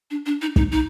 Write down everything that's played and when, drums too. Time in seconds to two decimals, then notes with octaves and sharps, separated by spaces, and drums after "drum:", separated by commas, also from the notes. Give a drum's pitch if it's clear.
0.11 D4
0.26 D4
0.42 D#4
0.56 D#4, drum: kick
0.72 D#4